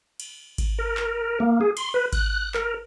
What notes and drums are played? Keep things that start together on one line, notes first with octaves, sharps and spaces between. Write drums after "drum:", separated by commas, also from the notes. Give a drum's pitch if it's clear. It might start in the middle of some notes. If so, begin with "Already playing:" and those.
drum: cymbal
drum: kick G#1, cymbal
A#4
drum: clap
A#3
G#4
C6, drum: cymbal
B4
F#6, drum: kick G#1, cymbal
A#4, drum: clap